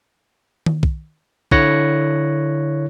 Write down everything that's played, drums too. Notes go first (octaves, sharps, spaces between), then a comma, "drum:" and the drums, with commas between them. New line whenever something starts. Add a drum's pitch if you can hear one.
drum: tom D#3
drum: kick
D3 E4 C#5 F#6 A#6 C#7, drum: kick